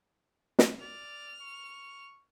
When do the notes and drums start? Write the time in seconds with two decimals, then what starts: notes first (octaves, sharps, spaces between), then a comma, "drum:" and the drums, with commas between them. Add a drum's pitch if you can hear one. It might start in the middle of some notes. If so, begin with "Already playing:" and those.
0.59 drum: snare
0.81 D5 F6
1.40 C#6